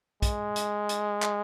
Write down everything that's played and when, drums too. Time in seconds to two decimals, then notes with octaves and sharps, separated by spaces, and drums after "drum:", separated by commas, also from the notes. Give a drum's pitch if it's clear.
0.22 G#3, drum: kick, hi-hat
0.56 drum: hi-hat
0.89 drum: hi-hat
1.22 drum: clap